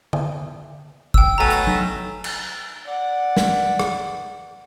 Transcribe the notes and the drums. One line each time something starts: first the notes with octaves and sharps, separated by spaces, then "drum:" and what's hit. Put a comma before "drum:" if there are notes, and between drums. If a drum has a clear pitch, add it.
drum: tom D3
G5 E6, drum: kick
B2 F#3 A3 G#5 A#5
drum: hi-hat
drum: tom F#3
drum: cymbal
D5 F#5
drum: snare
drum: rim click